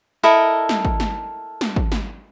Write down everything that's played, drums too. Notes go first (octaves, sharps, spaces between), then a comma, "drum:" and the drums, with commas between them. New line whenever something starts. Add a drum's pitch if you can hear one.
E4 A4 A#4 D#5
drum: snare
drum: kick
drum: snare
drum: snare
drum: kick
drum: snare